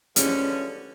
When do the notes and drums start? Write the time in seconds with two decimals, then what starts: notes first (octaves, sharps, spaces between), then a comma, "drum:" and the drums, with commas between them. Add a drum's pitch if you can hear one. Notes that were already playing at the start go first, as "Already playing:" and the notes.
0.16 D3 E3 F3 G3 G#3 C#4, drum: hi-hat